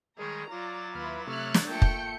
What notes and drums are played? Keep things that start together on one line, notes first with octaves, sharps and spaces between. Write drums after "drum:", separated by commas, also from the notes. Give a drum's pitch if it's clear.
D#3 G3 G#3 G#4 C#5 A#5
F#3 F4 D5 D6 A6
D#2 E4 F4 B4 B5 F6
C3 A3 C#5 E5 F6 F#6
drum: snare
A3 A#3 F4 G5 G6 C#7
drum: kick